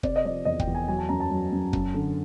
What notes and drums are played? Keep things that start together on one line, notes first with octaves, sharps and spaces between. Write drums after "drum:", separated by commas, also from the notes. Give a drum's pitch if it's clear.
C3 D5, drum: kick
D#5
F3 D5
E2 D#5
G5, drum: kick
E2
G#5
F#3 G#5
A5
F#2 A#5
A5
F#3
F#2
F#2, drum: kick
D3